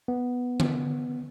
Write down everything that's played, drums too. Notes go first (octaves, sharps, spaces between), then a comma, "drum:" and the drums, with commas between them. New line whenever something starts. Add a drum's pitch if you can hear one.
B3
drum: tom D3